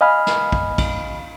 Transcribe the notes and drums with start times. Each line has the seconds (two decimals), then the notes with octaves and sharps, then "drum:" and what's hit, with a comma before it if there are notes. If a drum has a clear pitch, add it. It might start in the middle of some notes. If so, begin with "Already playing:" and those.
0.01 D#5 F5 G#5 B5 F6
0.27 drum: snare
0.52 drum: kick
0.78 drum: kick, cymbal